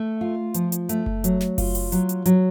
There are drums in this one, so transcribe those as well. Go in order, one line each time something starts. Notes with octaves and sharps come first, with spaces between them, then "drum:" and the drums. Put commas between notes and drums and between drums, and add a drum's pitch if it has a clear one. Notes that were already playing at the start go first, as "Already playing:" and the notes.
Already playing: A3
F4
F3, drum: hi-hat
drum: hi-hat
A3, drum: hi-hat
drum: kick F#1
F#3, drum: hi-hat
drum: snare
F4, drum: kick F#1, open hi-hat
drum: open hi-hat
F#3, drum: hi-hat
drum: hi-hat
F#3, drum: hi-hat